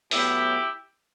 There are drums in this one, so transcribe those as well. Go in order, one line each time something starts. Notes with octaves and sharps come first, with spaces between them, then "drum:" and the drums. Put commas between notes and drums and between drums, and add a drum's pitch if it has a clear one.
A2 F#3 B3 E4 G4, drum: open hi-hat